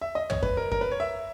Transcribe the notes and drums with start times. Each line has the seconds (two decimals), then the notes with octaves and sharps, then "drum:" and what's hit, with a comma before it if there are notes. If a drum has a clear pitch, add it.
0.01 E5
0.15 D#5
0.30 C#5, drum: tom
0.43 B4, drum: kick F#2
0.57 A#4
0.72 A#4, drum: kick F#2
0.81 B4
0.91 C#5
1.00 E5